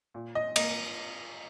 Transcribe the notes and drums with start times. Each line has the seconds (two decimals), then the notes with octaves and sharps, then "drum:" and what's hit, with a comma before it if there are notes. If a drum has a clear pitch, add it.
0.14 A#2
0.35 D#5
0.56 A#3 D#5, drum: cymbal